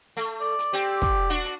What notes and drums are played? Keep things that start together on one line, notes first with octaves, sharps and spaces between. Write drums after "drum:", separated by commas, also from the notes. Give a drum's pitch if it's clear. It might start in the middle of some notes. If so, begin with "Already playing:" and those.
A3
D5
drum: hi-hat
C4 G4
D5, drum: kick, hi-hat
D4 F#4
drum: hi-hat